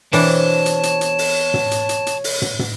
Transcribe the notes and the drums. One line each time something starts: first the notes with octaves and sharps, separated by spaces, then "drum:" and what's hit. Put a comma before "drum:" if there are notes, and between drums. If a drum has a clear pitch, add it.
B2 E3 C4 D4 C#5 A5, drum: open hi-hat
drum: hi-hat
drum: hi-hat
drum: hi-hat
drum: open hi-hat
drum: tom
drum: hi-hat
drum: hi-hat
drum: hi-hat
drum: open hi-hat
drum: tom
drum: tom